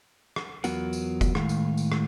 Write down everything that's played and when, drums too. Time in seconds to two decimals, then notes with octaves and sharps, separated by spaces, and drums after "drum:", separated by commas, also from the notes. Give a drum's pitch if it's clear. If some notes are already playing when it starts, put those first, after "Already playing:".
0.36 drum: rim click
0.64 E2 F#3 B3 F4 A#4 F#5, drum: tambourine
0.93 drum: tambourine
1.21 drum: kick F1, tambourine
1.35 A2 D#3 G#3 E4 F5, drum: rim click
1.49 drum: tambourine
1.77 drum: tambourine
1.92 drum: rim click